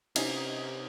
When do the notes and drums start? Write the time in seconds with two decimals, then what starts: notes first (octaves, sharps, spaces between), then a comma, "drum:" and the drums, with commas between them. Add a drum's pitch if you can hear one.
0.16 C3 C#4 D#4, drum: cymbal